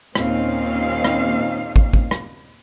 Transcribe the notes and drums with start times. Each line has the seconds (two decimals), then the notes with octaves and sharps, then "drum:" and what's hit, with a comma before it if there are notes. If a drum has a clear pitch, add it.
0.15 D#2 A#2 C4 C#4 D#4 F5, drum: rim click
1.04 drum: rim click
1.76 drum: kick
1.93 drum: kick
2.11 drum: rim click